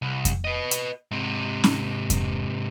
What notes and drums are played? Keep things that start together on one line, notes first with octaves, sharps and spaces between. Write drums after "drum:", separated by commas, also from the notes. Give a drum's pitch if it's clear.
C2
drum: kick F2, hi-hat
B4 D#5
drum: hi-hat
G#2 C3
drum: snare
drum: kick F2, hi-hat